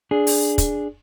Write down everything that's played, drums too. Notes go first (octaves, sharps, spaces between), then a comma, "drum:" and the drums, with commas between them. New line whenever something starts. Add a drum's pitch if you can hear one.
D4 G#4
drum: open hi-hat
drum: kick, hi-hat